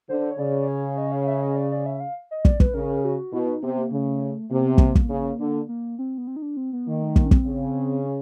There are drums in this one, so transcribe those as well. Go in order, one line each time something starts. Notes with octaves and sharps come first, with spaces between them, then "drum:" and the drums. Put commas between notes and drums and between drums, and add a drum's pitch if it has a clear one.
D3 C5
C#5
C#3 D5
D5
C#5
D#5
F5
E5
D#5
D5
D5
E5
F5
D#5
D5, drum: kick
B4, drum: kick
C#3 A#4
F#4
B2 E4
D#4
C3 B3
A#3
C#3 A3
C3 A#3
B3
A#3, drum: kick
drum: kick
C#3
D3
A#3
C4
B3
C4
D#4
D4
C4
B3
D#3 A#3
A3
A#3, drum: kick
C#4
C4, drum: kick
C#3
C#4